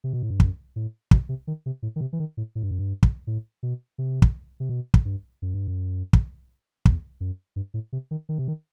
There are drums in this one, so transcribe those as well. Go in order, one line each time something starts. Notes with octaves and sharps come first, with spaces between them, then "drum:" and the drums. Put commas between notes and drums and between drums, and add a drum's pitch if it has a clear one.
C3
B2
A2
G2
F#2, drum: kick
A2
B2, drum: kick
C3
D#3
C3
A2
D#3
C3
E3
D#3
A2
A2
G2
F#2
G2
drum: kick
A2
B2
C3
drum: kick
C3
B2
drum: kick
G2
F#2
G2
F#2
drum: kick
E2, drum: kick
F#2
G2
A2
C3
D#3
D#3
C3
D#3